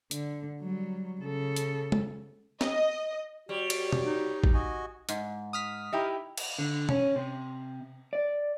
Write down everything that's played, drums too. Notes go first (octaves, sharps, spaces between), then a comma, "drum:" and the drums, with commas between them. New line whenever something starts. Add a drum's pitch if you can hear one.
D3, drum: hi-hat
F#3 G3
C#3 A4
drum: hi-hat
drum: tom
D#5, drum: snare
G3 F#4 C#5
drum: cymbal
drum: tom B2
D#4
drum: kick A1
F#4 D#5 G#5
G#2, drum: hi-hat
D#6 F6 B6
D#4 E4 G4
drum: cymbal
D3
C#4, drum: tom B2
C3
D5